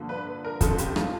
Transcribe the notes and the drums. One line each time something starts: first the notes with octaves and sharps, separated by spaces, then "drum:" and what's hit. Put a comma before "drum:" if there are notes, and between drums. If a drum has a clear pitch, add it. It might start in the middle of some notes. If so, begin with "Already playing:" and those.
Already playing: G2 D3 F3 A#3
B4
B4
A#4
G1 F2 C#3 F3 A3 A4, drum: kick, hi-hat
G4, drum: hi-hat
F4, drum: rim click